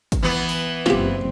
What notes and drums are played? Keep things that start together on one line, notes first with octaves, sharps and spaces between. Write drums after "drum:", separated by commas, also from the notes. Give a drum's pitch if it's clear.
drum: kick, hi-hat
E3 B3
drum: open hi-hat
F#1 F3 C4 G4, drum: snare